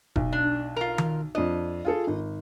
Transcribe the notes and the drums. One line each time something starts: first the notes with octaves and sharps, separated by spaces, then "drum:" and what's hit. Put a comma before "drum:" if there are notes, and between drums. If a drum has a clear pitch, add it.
B1, drum: kick E1
D4
F4 A#4
drum: tom D#3
F2 D4 D#5
F4 G#4 A4
G#1